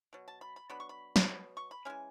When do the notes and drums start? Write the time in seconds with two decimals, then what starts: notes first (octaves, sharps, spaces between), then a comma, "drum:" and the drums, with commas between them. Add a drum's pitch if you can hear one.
0.13 B2 F#3
0.28 A5
0.41 B5
0.56 B5
0.70 F#3 B3 D4 B5
0.80 C#6
0.89 B5
1.16 drum: snare
1.28 B2 F#3 B3
1.57 C#6
1.71 B5
1.85 E3 G#3 C#4 G#5